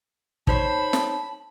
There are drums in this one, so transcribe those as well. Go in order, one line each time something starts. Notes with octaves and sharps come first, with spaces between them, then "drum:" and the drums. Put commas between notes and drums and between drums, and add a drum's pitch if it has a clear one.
D#4 C5 C#5 A5 B5, drum: kick
drum: snare